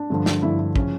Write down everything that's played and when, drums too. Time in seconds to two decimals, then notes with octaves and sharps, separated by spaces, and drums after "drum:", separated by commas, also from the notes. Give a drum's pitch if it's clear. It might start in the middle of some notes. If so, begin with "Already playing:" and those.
Already playing: D4
0.10 G2 D3 F3
0.26 drum: snare
0.42 G2 D3 F3 E4
0.59 E4
0.76 C#3 F3 C#4, drum: kick